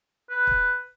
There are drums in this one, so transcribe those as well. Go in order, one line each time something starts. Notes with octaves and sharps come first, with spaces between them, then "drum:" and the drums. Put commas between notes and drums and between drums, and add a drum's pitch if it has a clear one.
B4
drum: kick